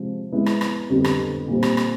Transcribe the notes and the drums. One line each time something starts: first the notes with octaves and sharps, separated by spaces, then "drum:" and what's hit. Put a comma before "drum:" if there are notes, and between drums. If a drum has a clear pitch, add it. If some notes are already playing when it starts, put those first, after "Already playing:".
Already playing: C3 F3 G#3
G#3 B3 E4
drum: rim click
drum: rim click
F2 D3 G3 B3
drum: rim click
A#2 G3 C4
drum: rim click
drum: rim click